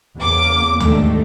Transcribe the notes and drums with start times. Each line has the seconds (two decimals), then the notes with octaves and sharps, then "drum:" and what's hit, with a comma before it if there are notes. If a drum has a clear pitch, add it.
0.17 E2 C#3 A#3 D6
0.80 D#2 G#2 D3 D#3 A3, drum: tom D2